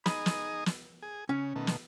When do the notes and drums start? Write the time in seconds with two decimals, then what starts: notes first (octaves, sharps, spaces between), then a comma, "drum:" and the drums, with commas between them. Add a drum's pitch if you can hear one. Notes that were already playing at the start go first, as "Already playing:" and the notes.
0.06 D#4 G#4 D#5 B5, drum: snare
0.26 drum: snare
0.66 drum: snare
1.02 G#4
1.29 C#3 C#4
1.56 B2 D#3 A3
1.67 drum: snare